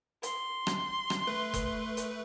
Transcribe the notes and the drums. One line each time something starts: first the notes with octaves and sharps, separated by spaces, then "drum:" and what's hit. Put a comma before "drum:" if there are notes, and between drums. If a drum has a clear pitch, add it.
C6, drum: hi-hat
drum: rim click
drum: rim click
A3 B4
drum: kick F#1, hi-hat
drum: hi-hat